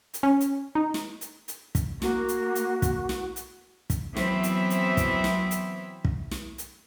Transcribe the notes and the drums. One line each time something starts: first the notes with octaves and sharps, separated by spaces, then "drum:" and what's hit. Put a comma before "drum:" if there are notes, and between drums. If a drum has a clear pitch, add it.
drum: hi-hat
C#4
drum: hi-hat
D#4
drum: snare
drum: hi-hat
drum: hi-hat
drum: kick, hi-hat
A#3 F#4, drum: snare
drum: hi-hat
drum: hi-hat
drum: kick, hi-hat
drum: snare
drum: hi-hat
drum: kick, hi-hat
E3 F#3 B3 C4 E4 E5, drum: snare
drum: hi-hat
drum: hi-hat
drum: kick, hi-hat
drum: snare
drum: hi-hat
drum: kick
drum: snare
drum: hi-hat